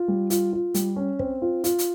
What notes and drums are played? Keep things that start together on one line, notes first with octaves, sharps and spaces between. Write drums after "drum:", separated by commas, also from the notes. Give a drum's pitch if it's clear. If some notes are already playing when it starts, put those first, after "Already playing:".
Already playing: F4
G3
F4, drum: hi-hat
F4
G3, drum: hi-hat
C#4
C4, drum: kick
F4
F4, drum: hi-hat
drum: hi-hat